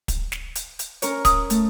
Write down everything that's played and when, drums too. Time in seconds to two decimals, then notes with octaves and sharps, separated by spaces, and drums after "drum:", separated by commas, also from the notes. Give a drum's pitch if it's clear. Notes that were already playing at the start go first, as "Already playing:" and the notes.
0.08 drum: kick, hi-hat
0.32 drum: snare
0.55 drum: hi-hat
0.79 drum: hi-hat
1.02 C#4 A#4 C#5, drum: hi-hat
1.25 D#6, drum: kick, hi-hat
1.50 A3, drum: hi-hat